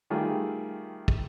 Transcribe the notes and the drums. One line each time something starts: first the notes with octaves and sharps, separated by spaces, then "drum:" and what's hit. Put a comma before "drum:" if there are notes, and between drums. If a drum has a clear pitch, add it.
D#3 G3 A3 F4 G#4
drum: kick